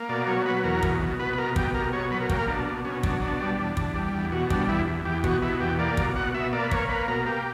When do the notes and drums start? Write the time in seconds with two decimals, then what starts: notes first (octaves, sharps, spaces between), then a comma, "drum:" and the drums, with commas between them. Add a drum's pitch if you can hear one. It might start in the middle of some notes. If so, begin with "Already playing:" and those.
Already playing: A#3
0.09 B2 D5
0.27 F#3 C#5
0.46 F#3 B4
0.64 E2 A#4
0.83 B2, drum: kick
1.01 B2
1.19 B2 B4
1.33 B4
1.38 B2 A#4
1.56 B2 G4, drum: kick
1.74 B2 A#4
1.93 B2 C#5
2.11 F#3 B4
2.20 A#4
2.30 A#3 G4, drum: kick
2.39 A#4
2.48 B2 D4
2.66 B2
2.85 B2 C#4
3.03 F#3 D4, drum: kick
3.21 B2 D4
3.40 G3
3.58 E2
3.77 E2, drum: kick
3.95 G3
4.13 E2
4.32 B2 F#4
4.50 G3 D4, drum: kick
4.69 E2 E4
4.87 E2
5.05 E2 G4
5.24 B2 F#4, drum: kick
5.42 B2 E4
5.61 E2 G4
5.79 A#3 D5
5.97 B2, drum: kick
6.16 B2 F#5
6.34 B2 E5
6.53 A#3 D5
6.64 B4
6.71 A#3 C#5, drum: kick
6.89 A#3 B4
7.08 B2 A#4
7.26 A#3 G4